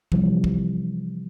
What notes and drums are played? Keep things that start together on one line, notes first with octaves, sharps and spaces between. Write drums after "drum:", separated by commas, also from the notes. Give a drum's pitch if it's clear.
C3 E3 F3 G3, drum: kick
drum: kick